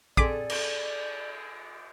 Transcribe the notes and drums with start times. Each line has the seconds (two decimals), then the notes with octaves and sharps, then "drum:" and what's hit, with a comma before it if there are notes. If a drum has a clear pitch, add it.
0.17 C4 G#4 A4 D5 D6 B6 D7, drum: kick
0.50 drum: cymbal